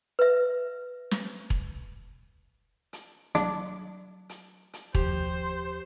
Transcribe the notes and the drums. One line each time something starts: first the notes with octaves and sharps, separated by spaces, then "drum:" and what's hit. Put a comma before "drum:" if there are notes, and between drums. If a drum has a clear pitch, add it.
B4 E5
drum: snare
drum: kick E1
drum: hi-hat
F#3 D4, drum: hi-hat
drum: hi-hat
drum: hi-hat
D#2 F3 G4 C5, drum: kick E1